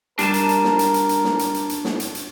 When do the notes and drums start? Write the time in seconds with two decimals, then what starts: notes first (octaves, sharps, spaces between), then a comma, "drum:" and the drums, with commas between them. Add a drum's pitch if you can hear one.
0.19 G3 D4 A#4 A5 D#7 E7, drum: hi-hat
0.34 drum: hi-hat
0.49 drum: hi-hat
0.64 drum: snare
0.79 drum: hi-hat
0.94 drum: hi-hat
1.09 drum: hi-hat
1.24 drum: snare
1.39 drum: hi-hat
1.54 drum: hi-hat
1.69 drum: hi-hat
1.85 drum: snare
2.00 drum: hi-hat
2.15 drum: hi-hat